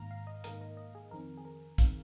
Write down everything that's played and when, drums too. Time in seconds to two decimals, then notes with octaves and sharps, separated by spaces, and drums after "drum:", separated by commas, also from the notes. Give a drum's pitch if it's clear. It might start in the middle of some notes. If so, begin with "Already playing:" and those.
Already playing: G#2 D#3 A#3 F5 A#5
0.11 F5
0.27 D#5
0.44 G#2 D#3 A#3 A#4, drum: hi-hat
0.61 A#4
0.77 D#5
0.95 G#4
1.11 F2 D#3 C4 A#4
1.37 G#4
1.45 A#4
1.78 D#3 C4 F5, drum: kick, hi-hat